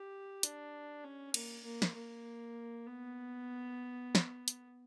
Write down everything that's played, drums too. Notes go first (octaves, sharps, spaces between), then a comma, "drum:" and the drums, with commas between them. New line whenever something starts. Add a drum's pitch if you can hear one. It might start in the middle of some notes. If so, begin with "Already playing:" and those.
Already playing: G4
D4, drum: hi-hat
C#4
A#3, drum: cymbal
A#3
drum: snare
A#3
B3
drum: snare
drum: hi-hat